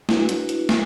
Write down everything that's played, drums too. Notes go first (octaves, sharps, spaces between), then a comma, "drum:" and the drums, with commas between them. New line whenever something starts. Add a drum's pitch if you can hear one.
D4 E4 F#4 B4, drum: snare
drum: hi-hat
drum: hi-hat
drum: snare